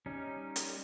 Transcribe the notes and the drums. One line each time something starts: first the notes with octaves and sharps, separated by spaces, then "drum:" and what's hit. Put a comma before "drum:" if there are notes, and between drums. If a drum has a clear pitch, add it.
G3 C#4 D#4
drum: hi-hat